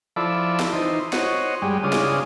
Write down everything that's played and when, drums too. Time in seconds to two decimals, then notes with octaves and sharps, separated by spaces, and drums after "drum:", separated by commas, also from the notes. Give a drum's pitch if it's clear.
0.16 F3 E4 A4 D5 B5
0.59 drum: snare
0.73 E3 D#4 C5
1.13 F#4 C5 C#5 D#5, drum: snare
1.62 G2 G3 G#3
1.83 C#3 G#3 D4 F4 D#6
1.93 drum: snare